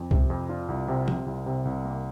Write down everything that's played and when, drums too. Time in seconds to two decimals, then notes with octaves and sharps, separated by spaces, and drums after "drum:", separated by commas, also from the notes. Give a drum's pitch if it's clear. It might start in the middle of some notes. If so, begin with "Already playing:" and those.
Already playing: F2
0.11 C3, drum: kick C2
0.30 F2
0.49 D4 F4
0.68 C2
0.88 C3
1.08 C3, drum: tom F3
1.26 C2
1.46 C3
1.65 C2
1.85 A#3